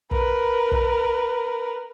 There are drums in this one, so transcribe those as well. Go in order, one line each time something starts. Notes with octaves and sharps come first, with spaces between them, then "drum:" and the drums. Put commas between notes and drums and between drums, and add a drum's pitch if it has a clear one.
A#4 B4, drum: kick
drum: kick